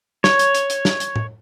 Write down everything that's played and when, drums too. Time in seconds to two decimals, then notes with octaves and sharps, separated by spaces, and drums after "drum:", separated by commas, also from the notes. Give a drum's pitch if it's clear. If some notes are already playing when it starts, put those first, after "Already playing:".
0.24 C#5, drum: snare
0.39 drum: hi-hat
0.55 drum: hi-hat
0.70 drum: hi-hat
0.85 drum: snare
1.00 drum: hi-hat
1.16 drum: tom